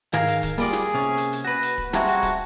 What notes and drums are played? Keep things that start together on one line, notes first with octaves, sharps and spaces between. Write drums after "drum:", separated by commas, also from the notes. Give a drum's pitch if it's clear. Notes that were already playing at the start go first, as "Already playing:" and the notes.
G#2 D#3 G#4 A#4 F5, drum: snare
drum: hi-hat
drum: kick, hi-hat
G3 A#3 F4 G#4 D5, drum: open hi-hat
drum: snare
C3 C#4
drum: hi-hat
drum: hi-hat
F#4 B4
drum: hi-hat
drum: kick
G3 G#3 C4 F#4 E5 A5 A#5, drum: snare
drum: hi-hat
drum: kick, hi-hat